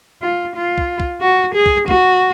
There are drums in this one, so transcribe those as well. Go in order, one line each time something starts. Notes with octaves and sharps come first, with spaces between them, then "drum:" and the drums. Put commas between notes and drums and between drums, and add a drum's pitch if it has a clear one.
F4
F4
drum: kick
drum: kick
F#4
G#4
drum: kick
F#4, drum: kick